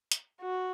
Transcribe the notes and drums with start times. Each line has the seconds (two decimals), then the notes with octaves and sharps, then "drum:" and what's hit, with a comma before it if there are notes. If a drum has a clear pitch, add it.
0.12 drum: hi-hat
0.42 F#4